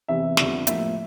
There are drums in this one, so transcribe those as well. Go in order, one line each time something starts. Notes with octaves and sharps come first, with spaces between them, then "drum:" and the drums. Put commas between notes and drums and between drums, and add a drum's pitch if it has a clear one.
E2 C3 E3 E5
F2 D3 G3 B3, drum: snare
A2 F3 A#3 E5, drum: hi-hat